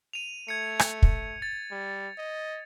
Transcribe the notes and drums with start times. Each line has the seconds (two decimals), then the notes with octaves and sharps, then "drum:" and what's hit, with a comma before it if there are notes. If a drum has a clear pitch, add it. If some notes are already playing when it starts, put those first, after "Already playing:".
0.13 D#7 F7
0.48 A3 G#6 C#7
0.79 drum: rim click
1.02 drum: kick
1.42 A6
1.71 G3
2.18 D#5